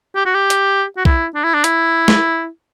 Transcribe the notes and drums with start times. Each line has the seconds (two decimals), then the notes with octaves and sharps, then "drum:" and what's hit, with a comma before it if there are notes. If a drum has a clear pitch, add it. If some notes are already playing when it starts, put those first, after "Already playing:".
0.16 G4
0.25 F#4
0.34 G4
0.50 drum: hi-hat
0.97 F#4
1.05 E4, drum: kick B1
1.35 D4
1.44 E4
1.54 D4
1.64 E4, drum: hi-hat
2.08 drum: snare